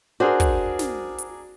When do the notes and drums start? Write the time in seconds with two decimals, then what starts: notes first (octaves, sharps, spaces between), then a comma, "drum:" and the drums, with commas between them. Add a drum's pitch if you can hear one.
0.20 D4 F#4 G#4 A#4 C5
0.40 drum: kick, hi-hat
0.79 drum: snare
1.18 drum: hi-hat